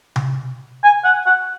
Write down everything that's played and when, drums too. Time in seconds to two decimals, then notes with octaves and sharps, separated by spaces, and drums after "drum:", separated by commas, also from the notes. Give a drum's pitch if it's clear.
0.16 drum: tom C3
0.83 G#5
1.04 F#5
1.26 F#5